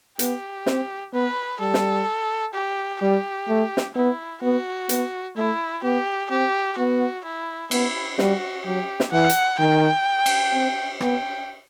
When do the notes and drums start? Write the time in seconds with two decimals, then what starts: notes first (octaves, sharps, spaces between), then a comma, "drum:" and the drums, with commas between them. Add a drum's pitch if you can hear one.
0.19 B3 G4, drum: hi-hat
0.66 C4, drum: snare
1.13 B3 B4
1.60 G3 A4
1.74 drum: snare
2.54 G4
3.01 G3 G4
3.48 A3
3.77 drum: snare
3.95 B3 E4
4.42 B3 F#4
4.89 B3, drum: hi-hat
5.36 A3 E4
5.83 B3 G4
6.30 C4 G4
6.77 B3 F#4
7.25 E4
7.71 B3 E4, drum: cymbal
8.19 G3 F#4, drum: snare
8.66 F#3 G4
9.00 drum: snare
9.12 E3 F#5
9.29 drum: hi-hat
9.59 D#3 G5
10.26 drum: cymbal
10.53 C4
11.01 B3 G5, drum: rim click